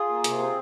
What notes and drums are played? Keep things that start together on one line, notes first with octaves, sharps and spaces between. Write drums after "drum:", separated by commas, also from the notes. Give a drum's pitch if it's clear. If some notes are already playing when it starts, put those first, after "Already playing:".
Already playing: F4 G#4
A#3
C3, drum: hi-hat
C4